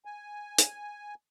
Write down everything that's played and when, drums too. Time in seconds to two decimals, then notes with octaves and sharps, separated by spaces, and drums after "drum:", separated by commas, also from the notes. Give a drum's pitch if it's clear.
0.05 G#5
0.58 drum: hi-hat